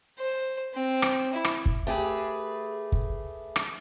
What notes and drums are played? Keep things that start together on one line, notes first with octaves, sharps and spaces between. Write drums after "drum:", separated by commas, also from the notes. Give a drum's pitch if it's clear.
C5
C4
drum: rim click
E4
drum: rim click
drum: kick
A3 G4 G#4 B4
drum: kick
drum: rim click